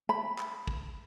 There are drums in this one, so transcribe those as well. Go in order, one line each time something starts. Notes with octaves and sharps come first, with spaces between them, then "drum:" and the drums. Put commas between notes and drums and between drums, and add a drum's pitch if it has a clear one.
B5
drum: clap
drum: kick